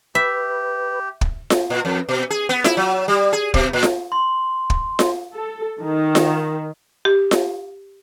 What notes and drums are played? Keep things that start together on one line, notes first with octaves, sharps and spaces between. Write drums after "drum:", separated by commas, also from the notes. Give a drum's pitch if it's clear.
G4 B4 E5
drum: kick
drum: snare F4
A#2
F2
B2
G#4
B3
E4, drum: snare F4
F#3
G3
G#4
B2, drum: kick
A#2
drum: snare F4
C6
drum: kick
drum: snare F4
A4
D#3
drum: snare F4
G4
drum: snare F4